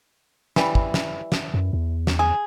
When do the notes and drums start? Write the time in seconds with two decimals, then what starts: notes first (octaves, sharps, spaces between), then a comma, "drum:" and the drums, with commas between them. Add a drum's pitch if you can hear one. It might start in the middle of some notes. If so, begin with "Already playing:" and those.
0.56 E3 G3, drum: snare
0.75 drum: kick
0.94 drum: snare
1.32 drum: snare
1.54 F#2
1.73 E2
2.07 drum: snare
2.19 G#4